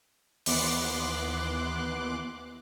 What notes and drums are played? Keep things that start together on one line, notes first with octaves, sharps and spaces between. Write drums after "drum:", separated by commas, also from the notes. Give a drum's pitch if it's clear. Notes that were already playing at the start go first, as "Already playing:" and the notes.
D#2 E3 B3 C6 D6 F#6, drum: open hi-hat